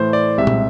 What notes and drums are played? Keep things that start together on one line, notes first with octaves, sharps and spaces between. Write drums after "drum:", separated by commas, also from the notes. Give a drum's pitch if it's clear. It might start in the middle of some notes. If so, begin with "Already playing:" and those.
Already playing: A2 E3 A3 C5
D5
C2 C3 G#3 E5
drum: tom